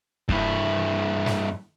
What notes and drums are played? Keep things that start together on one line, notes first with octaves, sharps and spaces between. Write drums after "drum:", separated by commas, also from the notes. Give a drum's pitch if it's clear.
G2 E4, drum: kick
drum: snare